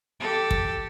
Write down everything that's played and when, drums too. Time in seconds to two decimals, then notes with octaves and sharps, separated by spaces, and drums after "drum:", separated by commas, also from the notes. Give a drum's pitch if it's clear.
0.20 G4 A4
0.51 drum: kick